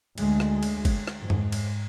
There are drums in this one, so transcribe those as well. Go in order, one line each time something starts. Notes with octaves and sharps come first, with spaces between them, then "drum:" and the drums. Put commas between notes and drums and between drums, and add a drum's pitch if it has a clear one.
D2 G#3, drum: cymbal
drum: rim click
drum: cymbal
drum: kick, cymbal
drum: rim click
G#2
drum: tom F2
drum: cymbal